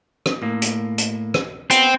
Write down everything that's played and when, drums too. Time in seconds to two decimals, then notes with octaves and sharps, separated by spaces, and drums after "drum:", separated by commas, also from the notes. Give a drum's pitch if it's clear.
0.26 drum: rim click
0.42 A2 A#3
0.62 drum: hi-hat
0.98 drum: hi-hat
1.34 drum: rim click
1.70 B3 C4, drum: hi-hat